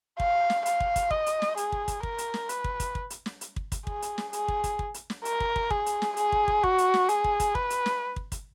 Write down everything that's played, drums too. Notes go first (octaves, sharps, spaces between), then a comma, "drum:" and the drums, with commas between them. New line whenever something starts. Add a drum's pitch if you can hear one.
F5, drum: kick
drum: snare
F5, drum: hi-hat
drum: kick
drum: kick, hi-hat
D#5, drum: kick
drum: hi-hat
drum: snare
G#4, drum: hi-hat
drum: kick
drum: kick, hi-hat
A#4, drum: kick
drum: hi-hat
drum: snare
B4, drum: hi-hat
drum: kick
drum: kick, hi-hat
drum: kick
drum: hi-hat
drum: snare
drum: hi-hat
drum: kick
drum: kick, hi-hat
G#4, drum: kick
drum: hi-hat
drum: snare
G#4, drum: hi-hat
drum: kick
drum: kick, hi-hat
drum: kick
drum: hi-hat
drum: snare
A#4, drum: hi-hat
drum: kick
drum: kick
G#4, drum: kick
drum: hi-hat
drum: snare
G#4, drum: hi-hat
drum: kick
drum: kick
F#4, drum: kick
drum: hi-hat
drum: snare
G#4, drum: hi-hat
drum: kick
drum: kick, hi-hat
B4, drum: kick
drum: hi-hat
drum: snare
drum: kick
drum: kick, hi-hat